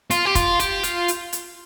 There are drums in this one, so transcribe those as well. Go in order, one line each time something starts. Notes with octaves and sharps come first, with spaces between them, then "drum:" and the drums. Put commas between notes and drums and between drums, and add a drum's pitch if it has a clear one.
F4, drum: hi-hat
G4
F4, drum: kick, hi-hat
G4, drum: hi-hat
F4, drum: hi-hat
drum: hi-hat
drum: hi-hat